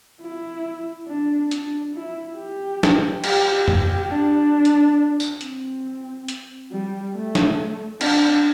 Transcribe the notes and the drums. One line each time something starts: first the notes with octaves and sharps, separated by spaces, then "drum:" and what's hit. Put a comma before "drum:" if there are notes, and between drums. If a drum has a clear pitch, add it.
E4
D4
D4, drum: hi-hat
E4
G4
drum: snare
G4, drum: cymbal
G4, drum: tom F2
D4
drum: hi-hat
drum: tambourine
C4, drum: hi-hat
drum: hi-hat
G3
A3
drum: snare
D4, drum: cymbal